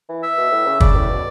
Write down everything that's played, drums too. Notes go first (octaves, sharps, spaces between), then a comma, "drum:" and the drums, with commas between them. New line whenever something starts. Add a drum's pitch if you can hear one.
E3
E5
B2
A2
C#3
C#3 D5, drum: kick
A2
B2